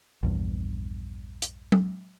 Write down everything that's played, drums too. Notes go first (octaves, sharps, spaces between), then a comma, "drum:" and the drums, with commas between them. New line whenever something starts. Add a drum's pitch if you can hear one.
A#1 E2 G2
drum: hi-hat
drum: tom F#3